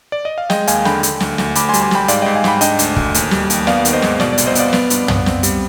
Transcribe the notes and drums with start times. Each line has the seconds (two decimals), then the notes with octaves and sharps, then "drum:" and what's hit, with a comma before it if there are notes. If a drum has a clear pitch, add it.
0.12 D5
0.25 D#5
0.38 F5
0.50 G#3 D#5 G5, drum: snare
0.67 D#2 F5 G#5, drum: hi-hat
0.85 D3 G5 B5, drum: snare
1.03 D3, drum: hi-hat
1.20 D2, drum: snare
1.38 D2, drum: snare
1.55 D2 B5 D6, drum: hi-hat
1.69 G#5 C6
1.74 G3, drum: hi-hat
1.82 G#5 C6
1.91 G3 G5 B5, drum: snare
2.08 G#2 D5 F5, drum: hi-hat
2.22 G#2 D#5 G5
2.35 F5 G#5
2.44 G#2 G5 B5, drum: snare
2.61 D4 D#5 G5, drum: hi-hat
2.79 D2, drum: hi-hat
2.96 D2, drum: kick
3.14 D#2, drum: hi-hat
3.31 G3, drum: snare
3.50 D#2, drum: hi-hat
3.67 B3 D5 F5, drum: snare
3.85 D#3, drum: hi-hat
3.93 C5 D#5
4.02 G#2, drum: snare
4.20 B2 D5, drum: snare
4.33 D5
4.38 C2, drum: hi-hat
4.46 C5 D#5
4.55 B3 D5 F5, drum: hi-hat
4.73 B3, drum: snare
4.90 G2, drum: hi-hat
5.08 B3, drum: tom
5.26 C4, drum: snare
5.43 G3, drum: hi-hat